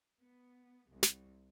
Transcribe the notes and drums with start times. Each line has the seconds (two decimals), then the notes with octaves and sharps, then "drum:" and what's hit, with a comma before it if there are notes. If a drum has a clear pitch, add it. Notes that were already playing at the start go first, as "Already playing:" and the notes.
0.20 B3
0.88 C2
1.03 drum: snare